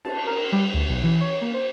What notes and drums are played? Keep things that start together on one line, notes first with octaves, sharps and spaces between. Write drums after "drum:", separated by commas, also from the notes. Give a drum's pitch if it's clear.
A5, drum: cymbal
A#4
G3
D2
B1
E3
C#5
A#3
C5